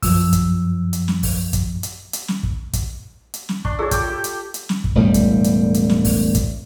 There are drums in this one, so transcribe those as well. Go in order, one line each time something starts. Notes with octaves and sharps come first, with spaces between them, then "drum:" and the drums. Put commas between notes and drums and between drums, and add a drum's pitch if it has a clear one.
F#2 F3 E6, drum: kick, open hi-hat
drum: kick, hi-hat
drum: hi-hat
drum: snare
drum: kick, open hi-hat
drum: kick, hi-hat
drum: hi-hat
drum: hi-hat
drum: snare
drum: kick
drum: kick, hi-hat
drum: hi-hat
drum: snare
D4 C#6, drum: kick
F4 G#4 A4 C#5 E6
F4 G5 D6, drum: kick, hi-hat
G4
drum: hi-hat
drum: hi-hat
drum: snare
drum: kick
E1 A2 G3
drum: kick, hi-hat
drum: hi-hat
drum: hi-hat
drum: snare
drum: kick, open hi-hat
drum: kick, hi-hat